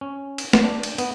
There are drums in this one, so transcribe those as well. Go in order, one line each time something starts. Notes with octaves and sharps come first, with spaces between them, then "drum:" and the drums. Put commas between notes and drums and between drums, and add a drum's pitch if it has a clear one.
C#4
drum: cymbal
drum: snare
D4
drum: cymbal
B3, drum: cymbal